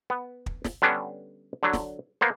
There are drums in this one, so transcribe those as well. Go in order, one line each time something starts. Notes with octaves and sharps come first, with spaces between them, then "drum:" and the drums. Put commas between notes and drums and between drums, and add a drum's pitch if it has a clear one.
B3
drum: kick
drum: snare
D3 G3 B3 C#4 D4
D3 F#3
drum: snare
A#3 B3 C5